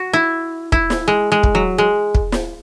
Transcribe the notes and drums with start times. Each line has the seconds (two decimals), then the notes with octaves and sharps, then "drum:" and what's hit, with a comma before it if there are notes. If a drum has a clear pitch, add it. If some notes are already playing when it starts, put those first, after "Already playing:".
Already playing: F#4
0.13 E4
0.72 E4, drum: kick
0.90 drum: snare
1.08 G#3
1.32 G#3
1.43 drum: kick
1.55 F#3
1.78 G#3
2.15 drum: kick
2.32 drum: snare